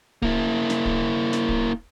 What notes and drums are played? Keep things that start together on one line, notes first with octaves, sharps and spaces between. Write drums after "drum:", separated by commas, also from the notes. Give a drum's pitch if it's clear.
A#3 E4, drum: kick D1
drum: snare
drum: kick D1
drum: snare
drum: kick D1